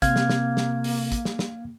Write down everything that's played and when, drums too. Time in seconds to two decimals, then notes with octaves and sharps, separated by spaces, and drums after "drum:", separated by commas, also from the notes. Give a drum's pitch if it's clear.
0.02 C3 A#3 F5 F6 G#6, drum: kick, hi-hat
0.16 drum: snare
0.29 drum: snare
0.57 drum: snare
0.84 drum: open hi-hat
1.12 drum: kick, hi-hat
1.25 drum: snare
1.39 drum: snare